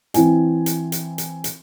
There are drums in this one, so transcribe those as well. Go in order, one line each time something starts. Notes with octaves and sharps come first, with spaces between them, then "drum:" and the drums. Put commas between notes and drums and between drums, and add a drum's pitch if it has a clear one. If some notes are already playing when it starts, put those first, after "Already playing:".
E3 C4 E4 G#5, drum: hi-hat
drum: hi-hat
drum: hi-hat
drum: hi-hat
drum: hi-hat